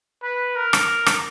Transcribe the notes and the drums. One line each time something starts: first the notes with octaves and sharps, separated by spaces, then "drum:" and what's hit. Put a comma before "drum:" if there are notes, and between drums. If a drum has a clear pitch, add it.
B4
A#4
drum: rim click
drum: rim click